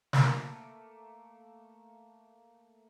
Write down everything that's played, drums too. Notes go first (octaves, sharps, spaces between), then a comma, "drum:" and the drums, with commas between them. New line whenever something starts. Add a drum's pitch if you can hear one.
A3 A#3, drum: snare